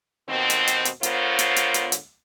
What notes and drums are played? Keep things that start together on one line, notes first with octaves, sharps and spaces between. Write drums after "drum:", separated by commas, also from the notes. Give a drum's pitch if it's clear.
D#2 B2 D#3 C4
drum: hi-hat
drum: hi-hat
drum: hi-hat
D3 B3 F4 A#4 C5 C#5, drum: hi-hat
drum: hi-hat
drum: hi-hat
drum: hi-hat
drum: hi-hat